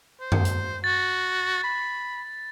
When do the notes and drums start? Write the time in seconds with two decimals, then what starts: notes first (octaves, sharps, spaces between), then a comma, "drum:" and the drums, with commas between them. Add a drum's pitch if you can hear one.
0.21 C5
0.32 drum: tom F#2
0.45 drum: hi-hat
0.84 F#4 A6
1.64 B5